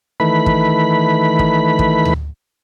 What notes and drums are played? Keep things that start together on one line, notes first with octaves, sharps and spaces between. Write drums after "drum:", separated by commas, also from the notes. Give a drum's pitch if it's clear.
D#3 E3 A3 B4 B5
drum: kick
drum: kick
drum: kick
drum: tom D2